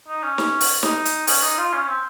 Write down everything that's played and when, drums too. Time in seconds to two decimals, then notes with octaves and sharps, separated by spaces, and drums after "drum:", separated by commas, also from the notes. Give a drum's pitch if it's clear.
0.08 D#4
0.23 C#4
0.38 drum: snare
0.61 drum: open hi-hat
0.83 D#4, drum: snare
1.05 drum: hi-hat
1.27 C#4, drum: open hi-hat
1.43 D#4
1.58 F4
1.73 C#4
1.88 C4